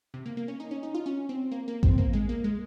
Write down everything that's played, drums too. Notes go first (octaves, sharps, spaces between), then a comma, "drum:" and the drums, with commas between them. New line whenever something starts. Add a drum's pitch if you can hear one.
C3
A#3
A#3
C#4
D#4
C#4
D#4
F4
C#4
C4
A#3
A#3
C4, drum: kick A1
A#3
G#3
A#3
G#3